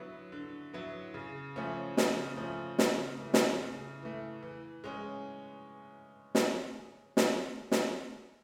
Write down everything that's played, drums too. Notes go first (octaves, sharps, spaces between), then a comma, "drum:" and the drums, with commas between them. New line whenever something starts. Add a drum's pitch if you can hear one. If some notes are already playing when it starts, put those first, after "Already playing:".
Already playing: D3 F#3 B3 E4
D3
F#3 B3 E4
C#3
F3 A3 C#4
C#3, drum: snare
F3 A3 C#4
C#3, drum: snare
E3 A3
drum: snare
C#3
E3 A3
E3
G#3 C#4
drum: snare
drum: snare
drum: snare